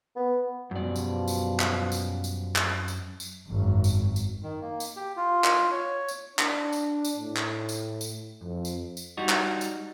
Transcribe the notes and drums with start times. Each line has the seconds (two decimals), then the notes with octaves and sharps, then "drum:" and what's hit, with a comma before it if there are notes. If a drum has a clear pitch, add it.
0.16 B3
0.71 F#2 B2 F3 G3 D5
0.96 drum: tambourine
1.28 drum: tambourine
1.60 drum: clap
1.92 drum: tambourine
2.24 drum: tambourine
2.56 drum: clap
2.88 drum: tambourine
3.20 drum: tambourine
3.48 G#1 F#2
3.84 drum: tambourine
4.16 drum: tambourine
4.42 D#3
4.61 A#3
4.80 drum: tambourine
4.96 G4
5.17 F4
5.44 drum: clap
5.71 C#5
6.08 drum: tambourine
6.39 D4, drum: clap
6.73 drum: tambourine
7.05 drum: tambourine
7.17 A2
7.37 drum: clap
7.69 drum: tambourine
8.01 drum: tambourine
8.42 F2
8.65 drum: tambourine
8.97 drum: tambourine
9.17 G3 D#4 F#4
9.29 drum: clap
9.61 drum: tambourine